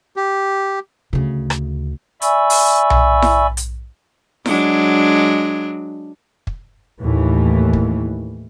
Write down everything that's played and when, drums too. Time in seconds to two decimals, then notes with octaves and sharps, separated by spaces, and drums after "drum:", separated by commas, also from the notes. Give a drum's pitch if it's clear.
0.16 G4
1.13 D2 C#3
1.50 drum: rim click
2.22 D5 E5 G#5 B5 C#6 E6, drum: hi-hat
2.50 drum: open hi-hat
2.90 drum: tom B1
3.22 drum: snare E4
3.57 drum: hi-hat
4.46 F#3 G#3 D4, drum: snare E4
6.47 drum: kick
7.01 D#2 A2 E3
7.73 drum: kick